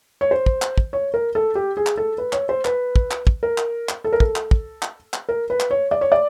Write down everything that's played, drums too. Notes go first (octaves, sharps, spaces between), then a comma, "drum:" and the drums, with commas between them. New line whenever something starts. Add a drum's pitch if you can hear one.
C#5
C5
drum: kick
drum: clap
drum: kick
C#5
A#4
A4
G4
G#4
drum: clap
A4
B4
C#5, drum: clap
C5
B4, drum: clap
drum: kick
drum: clap
drum: kick
A#4
drum: clap
drum: clap
A4
A#4
A4, drum: kick
drum: clap
drum: kick
drum: clap
drum: clap
A#4
B4
drum: clap
C#5
D5
C#5
D5